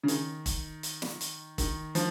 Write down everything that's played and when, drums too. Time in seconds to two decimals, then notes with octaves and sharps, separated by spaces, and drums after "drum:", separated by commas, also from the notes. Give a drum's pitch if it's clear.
0.03 C#3
0.08 D#3, drum: hi-hat
0.46 drum: kick E1, hi-hat
0.83 drum: hi-hat
1.02 drum: snare
1.21 drum: hi-hat
1.58 D#3, drum: kick E1, hi-hat
1.95 F3, drum: hi-hat